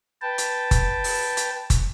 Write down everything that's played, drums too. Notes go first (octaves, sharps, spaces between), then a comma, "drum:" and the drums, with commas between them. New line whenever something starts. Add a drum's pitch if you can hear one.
B4 G5 A5
drum: hi-hat
drum: kick F#1, hi-hat
drum: open hi-hat
drum: hi-hat
drum: kick F#1, hi-hat